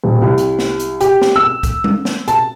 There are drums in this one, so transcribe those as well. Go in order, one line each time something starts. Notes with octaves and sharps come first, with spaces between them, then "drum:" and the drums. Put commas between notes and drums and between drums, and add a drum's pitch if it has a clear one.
D#1
C2
drum: hi-hat
drum: snare B3
drum: hi-hat
G4, drum: hi-hat
drum: snare B3
E6
drum: kick, hi-hat
drum: tom G3
drum: snare B3
A5, drum: hi-hat